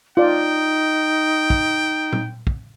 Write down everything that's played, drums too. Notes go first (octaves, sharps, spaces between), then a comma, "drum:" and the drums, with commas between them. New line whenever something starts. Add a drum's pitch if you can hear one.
D#4 F4 D5 G5
drum: kick
drum: tom A#2
drum: kick